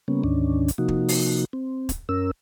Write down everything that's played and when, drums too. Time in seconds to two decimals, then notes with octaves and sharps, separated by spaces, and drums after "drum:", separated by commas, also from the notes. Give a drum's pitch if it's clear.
0.08 C#3 G3 A#3 B3 C#4
0.24 D2 G#2 D#3 C#4 D4
0.68 drum: hi-hat
0.78 C3 F3 A#3 D#4 F#4
0.88 drum: kick
1.08 drum: open hi-hat
1.53 C4
1.89 drum: kick, hi-hat
2.09 F#2 C#4 A#4 E6